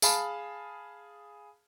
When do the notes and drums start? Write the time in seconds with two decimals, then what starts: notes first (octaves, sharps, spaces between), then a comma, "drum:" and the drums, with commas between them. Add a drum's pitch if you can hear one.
0.02 G#4 F5 A5 B5, drum: tambourine